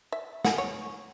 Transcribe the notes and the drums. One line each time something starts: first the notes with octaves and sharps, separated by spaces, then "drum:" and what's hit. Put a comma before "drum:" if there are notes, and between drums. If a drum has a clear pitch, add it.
E5
F#5 G#5, drum: snare
C#5